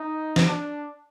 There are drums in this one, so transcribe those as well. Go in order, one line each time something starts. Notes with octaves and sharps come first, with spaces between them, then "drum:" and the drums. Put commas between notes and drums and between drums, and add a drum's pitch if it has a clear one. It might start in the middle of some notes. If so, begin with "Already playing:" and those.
Already playing: D#4
drum: snare
D4